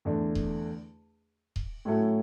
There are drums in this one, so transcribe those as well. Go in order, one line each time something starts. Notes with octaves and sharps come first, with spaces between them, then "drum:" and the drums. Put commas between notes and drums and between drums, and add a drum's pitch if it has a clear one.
E2 D3 A3 D4
drum: kick D#1
drum: kick D#1
A2 F#3 A3 C#4 E4